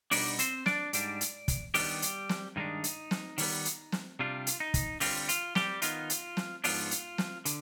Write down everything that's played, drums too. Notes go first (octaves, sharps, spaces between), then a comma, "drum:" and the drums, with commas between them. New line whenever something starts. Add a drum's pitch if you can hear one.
B2 G3 B3 D4 D#4 D5, drum: open hi-hat
C4 C5, drum: hi-hat
D4 D5, drum: snare
G#2 G3 D4, drum: hi-hat
drum: hi-hat
drum: kick, hi-hat
D#3 G3 B3 D4 G4, drum: open hi-hat
drum: hi-hat
drum: snare
G2 D#3 G#3 D4 D#4
drum: hi-hat
drum: snare
D#3 G3 B3, drum: open hi-hat
drum: hi-hat
drum: snare
C3 G3 D4 F4
drum: hi-hat
D#4
drum: kick, hi-hat
D3 G3 C4 F4, drum: open hi-hat
F4, drum: hi-hat
G3 G4, drum: snare
D#3 B3 D#4 F4, drum: hi-hat
drum: hi-hat
drum: snare
G#2 F3 B3 D4 F4, drum: open hi-hat
drum: hi-hat
drum: snare
D3, drum: hi-hat